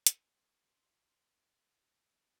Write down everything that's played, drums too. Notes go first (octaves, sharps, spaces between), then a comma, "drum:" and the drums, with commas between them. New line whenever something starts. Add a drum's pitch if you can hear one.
A#2 G3 C#4 E4 C6, drum: hi-hat